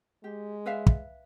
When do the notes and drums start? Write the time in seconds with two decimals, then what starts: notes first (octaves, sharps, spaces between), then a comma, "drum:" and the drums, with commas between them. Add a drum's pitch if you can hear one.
0.24 G#3 G4
0.66 B4 E5 F5
0.86 drum: kick